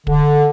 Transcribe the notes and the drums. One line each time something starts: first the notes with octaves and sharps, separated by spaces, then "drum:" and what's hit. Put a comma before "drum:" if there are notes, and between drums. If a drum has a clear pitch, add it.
D3, drum: kick